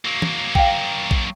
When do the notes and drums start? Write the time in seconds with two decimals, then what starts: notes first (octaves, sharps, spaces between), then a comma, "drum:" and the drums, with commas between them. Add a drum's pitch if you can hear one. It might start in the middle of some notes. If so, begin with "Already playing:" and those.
0.05 F#3 A#3
0.22 drum: tom
0.55 F5 G5, drum: kick A#1
1.11 drum: kick A#1